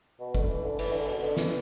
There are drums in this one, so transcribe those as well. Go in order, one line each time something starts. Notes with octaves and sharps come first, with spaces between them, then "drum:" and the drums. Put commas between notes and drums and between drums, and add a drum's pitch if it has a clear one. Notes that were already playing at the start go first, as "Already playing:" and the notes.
B2
D3, drum: kick F#1
E3
D3
E3, drum: cymbal
D3
B2
D3
E3, drum: snare